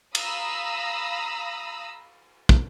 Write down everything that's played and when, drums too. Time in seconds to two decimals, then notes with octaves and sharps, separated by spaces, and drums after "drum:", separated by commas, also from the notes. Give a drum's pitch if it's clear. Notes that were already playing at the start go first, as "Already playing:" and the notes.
0.15 F5 A#5 B5 D#6 E6 A#6, drum: cymbal
2.49 drum: kick